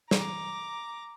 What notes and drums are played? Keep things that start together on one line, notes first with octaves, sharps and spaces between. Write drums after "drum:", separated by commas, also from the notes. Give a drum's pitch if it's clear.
A#5 D6, drum: snare